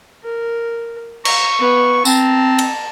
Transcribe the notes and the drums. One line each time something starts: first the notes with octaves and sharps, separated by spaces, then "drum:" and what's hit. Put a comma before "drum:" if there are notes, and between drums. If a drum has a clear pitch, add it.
A#4
A#5 C#6, drum: cymbal
B3
C4 A5 A#5, drum: tambourine
drum: cymbal